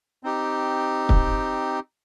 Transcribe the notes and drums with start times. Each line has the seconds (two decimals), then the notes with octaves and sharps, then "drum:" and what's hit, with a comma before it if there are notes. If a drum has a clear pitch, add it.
0.23 C4 D#4 G4
1.09 drum: kick